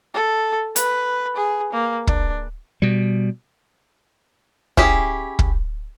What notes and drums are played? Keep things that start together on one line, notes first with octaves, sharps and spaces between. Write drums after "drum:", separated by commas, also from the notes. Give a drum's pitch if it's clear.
A4
B4, drum: hi-hat
G#4
A#3
D4, drum: kick
B2 G3
C#4 E4 G4 G#4, drum: kick
drum: kick